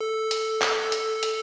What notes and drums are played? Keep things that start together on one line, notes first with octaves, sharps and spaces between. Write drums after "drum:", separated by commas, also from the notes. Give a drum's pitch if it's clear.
A4
drum: hi-hat
drum: clap
drum: hi-hat
drum: hi-hat